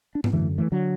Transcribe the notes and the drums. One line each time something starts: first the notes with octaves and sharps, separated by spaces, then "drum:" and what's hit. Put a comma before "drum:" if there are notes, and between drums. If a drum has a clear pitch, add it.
D4
B3, drum: tom G#2
F#2 D3 E3 A3
E3 A3
D3 F#3